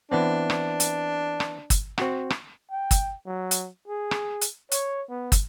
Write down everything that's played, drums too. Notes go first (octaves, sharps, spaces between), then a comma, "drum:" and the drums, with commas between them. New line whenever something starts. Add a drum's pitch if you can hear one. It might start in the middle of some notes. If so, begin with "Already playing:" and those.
E3 B3 C4 D4
drum: rim click
drum: hi-hat
drum: rim click
drum: kick, hi-hat
C4 F#4 F#5, drum: rim click
drum: rim click
G5
drum: kick, hi-hat
F#3
drum: hi-hat
G#4
drum: rim click
drum: hi-hat
C#5, drum: hi-hat
B3
drum: kick, hi-hat